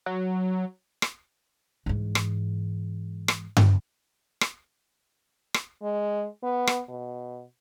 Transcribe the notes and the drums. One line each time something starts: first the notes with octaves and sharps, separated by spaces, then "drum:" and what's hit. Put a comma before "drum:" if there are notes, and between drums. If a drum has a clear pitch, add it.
F#3
drum: rim click
G#2 E3
drum: rim click
drum: rim click
drum: tom G2
drum: rim click
drum: rim click
G#3
B3
drum: rim click
B2